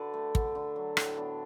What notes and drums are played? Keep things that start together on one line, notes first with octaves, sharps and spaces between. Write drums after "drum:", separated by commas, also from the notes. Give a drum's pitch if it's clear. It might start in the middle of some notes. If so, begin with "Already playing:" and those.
Already playing: D3 F#4 A4 B4 D5
A3
D3, drum: kick
D3
F#3
A2, drum: rim click
B3 D4